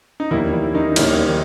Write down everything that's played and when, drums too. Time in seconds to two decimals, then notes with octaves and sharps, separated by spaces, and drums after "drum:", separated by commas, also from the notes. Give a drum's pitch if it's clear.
0.20 D#4
0.31 D#2 D#3 E3 G3 A#3 E4
0.53 E3 E4
0.74 D#3 D#4
0.96 D#2 D#3 G3 A#3 C#4, drum: cymbal
1.29 D#3